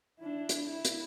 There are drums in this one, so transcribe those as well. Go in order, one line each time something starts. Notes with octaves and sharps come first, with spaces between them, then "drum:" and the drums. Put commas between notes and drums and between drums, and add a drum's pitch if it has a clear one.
D4 E4
drum: hi-hat
E4
drum: hi-hat